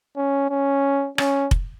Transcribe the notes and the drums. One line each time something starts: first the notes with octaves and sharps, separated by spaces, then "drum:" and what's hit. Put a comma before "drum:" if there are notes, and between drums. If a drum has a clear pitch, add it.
C#4
C#4
C#4, drum: rim click
drum: kick F1